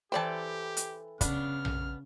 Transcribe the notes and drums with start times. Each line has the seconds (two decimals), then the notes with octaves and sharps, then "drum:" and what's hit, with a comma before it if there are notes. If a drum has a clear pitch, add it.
0.12 E3 G4 A4 C5 D5 G5 A5
0.77 drum: hi-hat
1.21 C#3 B3 D4 F6, drum: kick, hi-hat
1.65 drum: tom A#1